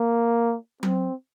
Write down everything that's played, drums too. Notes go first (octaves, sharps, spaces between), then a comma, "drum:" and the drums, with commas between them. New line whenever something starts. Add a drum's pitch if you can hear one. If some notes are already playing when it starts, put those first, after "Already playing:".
Already playing: A#3
C4, drum: tom F#3